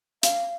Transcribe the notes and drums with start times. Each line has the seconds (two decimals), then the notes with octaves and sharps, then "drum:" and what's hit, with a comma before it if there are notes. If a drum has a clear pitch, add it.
0.23 F5, drum: hi-hat